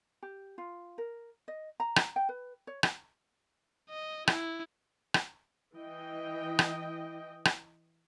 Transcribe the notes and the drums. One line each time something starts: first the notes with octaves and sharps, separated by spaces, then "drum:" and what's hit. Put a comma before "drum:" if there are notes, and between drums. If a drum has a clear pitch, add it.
G4
F4
A#4
D#5
A#5
drum: rim click
G5
B4
C#5
drum: rim click
D#5
E4, drum: rim click
drum: rim click
E3 D#5 G5
drum: rim click
drum: rim click